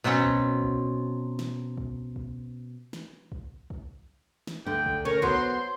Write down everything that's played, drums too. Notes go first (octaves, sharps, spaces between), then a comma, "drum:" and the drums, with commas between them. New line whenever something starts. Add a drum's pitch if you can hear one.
B2 F#3 C4 C#4
drum: kick
drum: kick
drum: snare
drum: kick
drum: kick
drum: snare
drum: kick
drum: kick
drum: snare
D2 D3 G5
drum: kick
C#4 A#4 C#5 A#5
F#3 B3 C5 C6, drum: kick